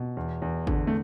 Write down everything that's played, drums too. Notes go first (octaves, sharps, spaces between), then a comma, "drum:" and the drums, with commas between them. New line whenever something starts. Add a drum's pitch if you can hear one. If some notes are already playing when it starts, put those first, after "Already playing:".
Already playing: B2
E2
E2
D3, drum: kick G#1
A3